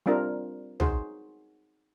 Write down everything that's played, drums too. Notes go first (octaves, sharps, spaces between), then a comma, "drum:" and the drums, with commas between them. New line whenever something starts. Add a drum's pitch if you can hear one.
G3 C4 D4 F4 A#4
D#4 F#4 G#4 C5, drum: tom B1